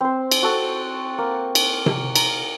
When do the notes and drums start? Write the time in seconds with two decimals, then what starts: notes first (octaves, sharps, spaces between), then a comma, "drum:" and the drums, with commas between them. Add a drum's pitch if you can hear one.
0.01 C4 C5
0.31 drum: cymbal
0.43 F#4 A4
1.18 A#3
1.55 drum: cymbal
1.86 drum: tom C3
2.16 A#5, drum: cymbal